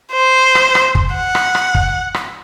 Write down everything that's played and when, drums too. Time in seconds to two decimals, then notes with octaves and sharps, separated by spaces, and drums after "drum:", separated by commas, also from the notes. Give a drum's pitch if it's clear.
0.13 C5
0.55 drum: rim click
0.75 drum: rim click
0.95 drum: kick
1.15 F#5
1.35 drum: rim click
1.55 drum: rim click
1.75 drum: kick
2.14 drum: rim click